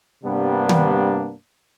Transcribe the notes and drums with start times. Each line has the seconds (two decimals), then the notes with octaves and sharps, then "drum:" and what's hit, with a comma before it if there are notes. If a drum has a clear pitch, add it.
0.24 G2 C3 G3 A#3 B3 D4
0.69 drum: tom